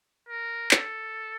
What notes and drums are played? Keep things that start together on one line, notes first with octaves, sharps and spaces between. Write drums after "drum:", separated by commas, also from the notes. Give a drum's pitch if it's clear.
A#4
A4, drum: clap